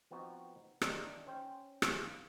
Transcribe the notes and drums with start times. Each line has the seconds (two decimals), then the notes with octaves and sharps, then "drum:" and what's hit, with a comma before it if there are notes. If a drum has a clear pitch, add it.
0.11 F3 B3 C4 D#4 F#4
0.81 D#3 E3 A#3 D4 D#4, drum: rim click
1.27 C#4 C5 G5
1.82 G#1 E3 C#4 E4 A4, drum: rim click
2.06 F5